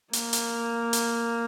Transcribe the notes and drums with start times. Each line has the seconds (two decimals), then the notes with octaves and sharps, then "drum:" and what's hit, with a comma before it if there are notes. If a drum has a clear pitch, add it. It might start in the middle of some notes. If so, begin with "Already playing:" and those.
0.13 A#3, drum: hi-hat
0.33 drum: hi-hat
0.93 drum: hi-hat